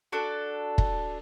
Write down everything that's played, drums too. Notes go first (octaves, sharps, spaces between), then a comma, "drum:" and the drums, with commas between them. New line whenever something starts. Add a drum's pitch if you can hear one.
D4 F#4 A4
drum: kick